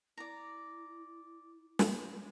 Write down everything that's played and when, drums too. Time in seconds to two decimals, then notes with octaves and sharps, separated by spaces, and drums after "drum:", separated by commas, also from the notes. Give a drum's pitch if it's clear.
0.17 E4 D5 A#5
1.79 drum: snare